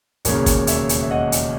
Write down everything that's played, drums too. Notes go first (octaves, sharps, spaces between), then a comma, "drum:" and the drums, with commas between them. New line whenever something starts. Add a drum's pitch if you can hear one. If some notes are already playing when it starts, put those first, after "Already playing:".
E1 D#2 C#3 A#4 C#5, drum: hi-hat
drum: kick, hi-hat
C#5 E5, drum: hi-hat
drum: hi-hat
E5
D#5 F#5
drum: hi-hat